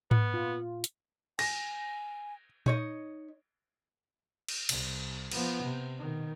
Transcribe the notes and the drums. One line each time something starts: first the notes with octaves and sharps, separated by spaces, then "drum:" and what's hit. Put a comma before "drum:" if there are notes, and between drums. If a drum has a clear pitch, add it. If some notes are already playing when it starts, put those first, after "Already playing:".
B3, drum: tom G#2
A#2 F4
drum: hi-hat
G#5 A#6, drum: cymbal
D#4 C#5 D#5, drum: tom A#2
drum: cymbal
C2, drum: cymbal
F3 B3, drum: cymbal
C3
B2 D#3